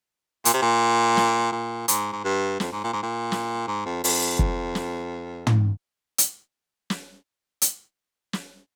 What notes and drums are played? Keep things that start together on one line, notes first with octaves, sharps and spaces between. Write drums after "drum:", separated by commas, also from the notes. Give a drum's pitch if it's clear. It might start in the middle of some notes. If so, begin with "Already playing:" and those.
A#2, drum: hi-hat
C3
A#2
drum: snare
A#2
G#2, drum: hi-hat
G#2
G2
F2, drum: snare
G#2
A#2
G#2
A#2
drum: snare
G#2
F2
F2, drum: open hi-hat
drum: kick
drum: snare
drum: tom
drum: hi-hat
drum: snare
drum: hi-hat
drum: snare